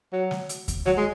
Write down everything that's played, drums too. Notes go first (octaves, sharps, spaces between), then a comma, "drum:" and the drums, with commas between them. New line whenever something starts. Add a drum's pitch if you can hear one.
F#3
drum: snare
drum: hi-hat
drum: kick D#2, hi-hat
F#3, drum: snare
G#3